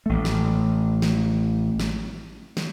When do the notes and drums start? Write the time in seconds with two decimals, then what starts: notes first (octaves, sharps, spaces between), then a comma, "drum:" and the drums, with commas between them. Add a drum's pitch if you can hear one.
0.06 A1 A3
0.25 drum: snare
1.02 drum: snare
1.80 drum: snare
2.57 drum: snare